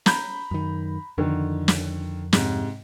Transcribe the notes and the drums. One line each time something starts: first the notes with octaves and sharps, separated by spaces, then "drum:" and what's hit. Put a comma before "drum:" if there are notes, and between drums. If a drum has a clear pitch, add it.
A#5 B5 G6, drum: snare
F#2 D#3
F2 D3 D#3
drum: snare
G#2 C3, drum: snare